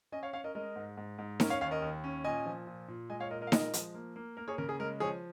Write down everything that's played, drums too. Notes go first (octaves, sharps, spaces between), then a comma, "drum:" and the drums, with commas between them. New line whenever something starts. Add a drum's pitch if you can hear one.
C#4 D#5 G#5
C#5 F5
C#4 C#5 F5
A#4 D#5
G#3 A#4 D#5
G#2
G#2
G#2
C#4 A#4, drum: snare D#4
C#5 F5
D#2 C#5 F5
A#4 D#5
D#2
C#4
A#2 D#5 G#5
F3
A#2
A#2
G#3 D#5 G#5
C#5 F5
A#2 A#4 D#5
A#4 D#5
F5
G#3 A#4 D#5, drum: snare D#4
F3, drum: hi-hat
A#3
A#3
A#3 A#4
G#4 C#5
C#3 A#4
G#4
G#3 A#4
F3 G#4 C#5